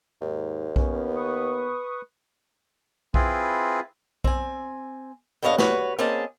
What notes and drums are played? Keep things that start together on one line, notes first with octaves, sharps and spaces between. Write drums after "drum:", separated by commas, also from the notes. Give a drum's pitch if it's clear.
D#2 G#2
B3 C#4, drum: kick B1
B4 C#6 D#6
C4 E4 F4 G#4 B4, drum: kick B1
C4 G#5, drum: kick B1
G2 D3 B3 C#5 D#5 F5
F#4 B4 C#5, drum: snare
A#3 C4 C#4 G#4 D#5 A5